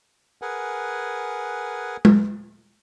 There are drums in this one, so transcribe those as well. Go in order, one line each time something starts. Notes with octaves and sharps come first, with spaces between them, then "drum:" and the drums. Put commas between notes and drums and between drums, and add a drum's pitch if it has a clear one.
G#4 A#4 B4 F#5 G#5
drum: tom G#3